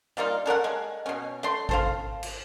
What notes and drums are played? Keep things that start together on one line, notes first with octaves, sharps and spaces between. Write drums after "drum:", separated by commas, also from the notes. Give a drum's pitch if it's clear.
G3 A#3 D#4 F4
A4 A#4 D5 F#5
G#3
B2 C#4
A3 C6
A4 C5 F5, drum: kick G#1
drum: cymbal